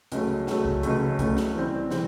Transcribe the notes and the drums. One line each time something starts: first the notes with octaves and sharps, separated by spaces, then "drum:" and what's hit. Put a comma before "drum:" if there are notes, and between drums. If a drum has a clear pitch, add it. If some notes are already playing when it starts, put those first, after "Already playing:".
C#2 C#3 F#3 A3, drum: hi-hat
C#2 C#3 F#3 A3, drum: snare
drum: kick C2
C#2 C#3 F#3 A3, drum: hi-hat
C#2 C#3 F#3 A3, drum: kick C2, hi-hat
drum: snare
E3 G3 C4
E3 G3 C4, drum: snare